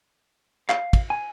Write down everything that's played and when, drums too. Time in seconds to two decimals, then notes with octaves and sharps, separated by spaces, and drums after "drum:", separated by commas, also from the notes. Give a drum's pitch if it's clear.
0.69 F5, drum: clap
0.93 drum: kick, cymbal
1.10 G#5